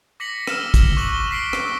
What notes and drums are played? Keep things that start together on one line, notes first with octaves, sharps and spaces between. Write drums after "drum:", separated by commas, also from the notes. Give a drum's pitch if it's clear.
D6 A#6 B6 C#7 F#7
E6 F6 E7 G7, drum: rim click
drum: kick, hi-hat
C#6 D6 F#6 E7 F#7 G7
B6 C7 D7
drum: rim click